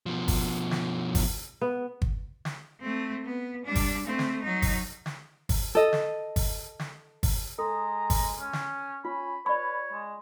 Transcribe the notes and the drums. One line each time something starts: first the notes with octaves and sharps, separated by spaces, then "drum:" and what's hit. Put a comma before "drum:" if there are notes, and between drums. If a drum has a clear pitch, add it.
B2 F3
drum: kick, open hi-hat
drum: snare
drum: kick, open hi-hat
B3
drum: kick
drum: snare
A3 C4
B3
G3 D4
drum: kick, open hi-hat
A3 C4
drum: snare
F#3 D#4
drum: kick, open hi-hat
drum: snare
drum: kick, open hi-hat
A4 D#5
drum: snare
drum: kick, open hi-hat
drum: snare
drum: kick, open hi-hat
G#3 A4 A#5
drum: kick, open hi-hat
C#4
drum: snare
C#4 F4 B5
B4 C#5 D5 B5
G#3